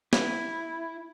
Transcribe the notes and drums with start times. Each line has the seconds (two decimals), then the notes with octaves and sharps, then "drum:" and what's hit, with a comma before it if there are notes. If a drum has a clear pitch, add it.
0.13 E4, drum: snare